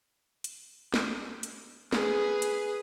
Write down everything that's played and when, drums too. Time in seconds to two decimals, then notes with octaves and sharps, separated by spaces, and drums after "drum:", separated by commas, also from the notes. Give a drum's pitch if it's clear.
0.44 drum: hi-hat
0.94 drum: snare
1.43 drum: hi-hat
1.93 G#4 B4, drum: snare
2.42 drum: hi-hat